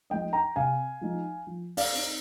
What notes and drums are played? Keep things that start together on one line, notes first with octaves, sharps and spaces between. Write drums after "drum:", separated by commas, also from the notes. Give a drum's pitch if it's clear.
F3 G#3 D#4 D#5 G5
G5 A#5
C3 F5 G#5
F3 G#3 D#4
F3
D5 F5, drum: open hi-hat
C4 D#4